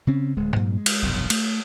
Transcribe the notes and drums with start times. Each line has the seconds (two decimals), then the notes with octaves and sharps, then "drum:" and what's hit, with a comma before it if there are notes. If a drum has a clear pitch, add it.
0.07 C#3 C4 C#4
0.37 D1 G#3
0.56 G2 A#2 F#3 A#3
0.77 G#3
0.86 drum: cymbal
1.02 F1 B1 G2
1.30 A3, drum: cymbal